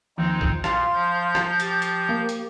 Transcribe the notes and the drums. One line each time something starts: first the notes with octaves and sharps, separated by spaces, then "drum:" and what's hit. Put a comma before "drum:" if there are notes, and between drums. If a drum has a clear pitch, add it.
D#2 F3 G#3 C4 D#4
drum: kick A#1
A#2 F5 C6, drum: rim click
F3 G6
drum: rim click
G4 A6, drum: hi-hat
drum: hi-hat
A#3
drum: hi-hat